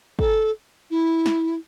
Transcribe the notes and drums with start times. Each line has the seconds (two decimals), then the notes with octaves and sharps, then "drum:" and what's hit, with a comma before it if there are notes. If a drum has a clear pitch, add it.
0.19 A4, drum: kick
0.90 E4
1.26 drum: snare